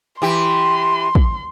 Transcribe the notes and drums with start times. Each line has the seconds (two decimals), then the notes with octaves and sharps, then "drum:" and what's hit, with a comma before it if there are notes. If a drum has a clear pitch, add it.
0.22 E3 G4 C6
1.15 drum: kick